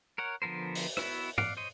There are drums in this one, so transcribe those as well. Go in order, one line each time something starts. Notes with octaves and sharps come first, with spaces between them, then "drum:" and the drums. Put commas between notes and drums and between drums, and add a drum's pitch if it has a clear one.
A#4 C#5 F#5
D3 F3 B3 A#4 C5
drum: open hi-hat
B3 E4 F#4 E5, drum: rim click
D5 F5 F#5, drum: tom G#2
C5 C#5 D#5 C6